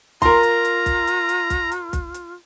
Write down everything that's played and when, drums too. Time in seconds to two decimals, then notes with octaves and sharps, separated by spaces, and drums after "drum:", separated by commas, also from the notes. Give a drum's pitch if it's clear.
0.22 F4 A#4 A#5 C6, drum: kick, hi-hat
0.43 drum: hi-hat
0.65 drum: hi-hat
0.86 drum: kick, hi-hat
1.07 drum: hi-hat
1.29 drum: hi-hat
1.50 drum: kick, hi-hat
1.72 drum: hi-hat
1.93 drum: kick, hi-hat
2.14 drum: hi-hat